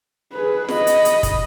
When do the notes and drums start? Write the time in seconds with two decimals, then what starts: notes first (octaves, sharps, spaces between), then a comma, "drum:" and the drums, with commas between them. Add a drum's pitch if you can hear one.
0.33 G#4 B4
0.69 D#5 B5, drum: snare F4
0.87 drum: hi-hat
1.05 drum: hi-hat
1.23 drum: kick, hi-hat